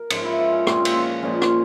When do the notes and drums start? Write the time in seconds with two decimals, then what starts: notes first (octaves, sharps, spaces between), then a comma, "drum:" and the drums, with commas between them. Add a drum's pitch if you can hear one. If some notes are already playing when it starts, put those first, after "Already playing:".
Already playing: A#4
0.10 G#2 F3 G#3 C#4, drum: cymbal
0.24 E4
0.38 F4
0.52 C#4
0.67 A#2 F3 G#3 C4, drum: rim click
0.76 C#4
0.85 C4, drum: cymbal
0.95 C#4
1.22 A#2 F3 G#3 C#4
1.42 drum: rim click